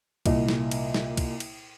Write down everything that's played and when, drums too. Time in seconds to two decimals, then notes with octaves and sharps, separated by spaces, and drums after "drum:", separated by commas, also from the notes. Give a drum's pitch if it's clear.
0.26 C2 A#2 D#5, drum: kick C2, cymbal
0.49 drum: snare
0.71 drum: cymbal
0.94 drum: snare
1.17 drum: kick C2, cymbal
1.40 drum: cymbal